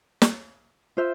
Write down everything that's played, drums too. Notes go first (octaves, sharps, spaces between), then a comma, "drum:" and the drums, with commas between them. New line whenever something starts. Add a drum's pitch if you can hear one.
drum: snare
F4 C5 E5